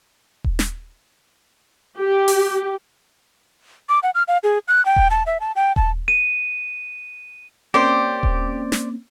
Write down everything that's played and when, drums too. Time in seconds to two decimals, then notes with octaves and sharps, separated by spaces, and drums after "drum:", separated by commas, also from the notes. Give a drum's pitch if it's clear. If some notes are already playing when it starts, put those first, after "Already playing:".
0.44 drum: kick D#1
0.59 drum: snare
1.98 G4
2.28 drum: open hi-hat
3.89 D6
4.03 F#5
4.15 F6
4.28 F5
4.43 G#4
4.68 F#6
4.86 G5
4.96 drum: kick D#1
5.11 A5
5.26 E5
5.40 A5
5.56 G5
5.76 A5, drum: kick D#1
6.08 D#7
7.74 A#3 C4 C#4 G4 C5 D5
8.23 drum: kick D#1
8.72 drum: snare